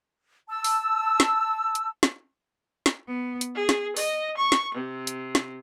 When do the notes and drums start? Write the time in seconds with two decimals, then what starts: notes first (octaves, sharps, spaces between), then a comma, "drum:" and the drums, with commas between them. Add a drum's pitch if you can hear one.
0.49 A5 E6
0.64 drum: open hi-hat
1.20 drum: snare
1.75 drum: hi-hat
2.03 drum: snare
2.86 drum: snare
3.06 B3
3.41 drum: hi-hat
3.55 G#4
3.69 drum: snare
3.97 D#5, drum: open hi-hat
4.37 C#6
4.52 drum: snare
4.75 C3
5.07 drum: hi-hat
5.35 drum: snare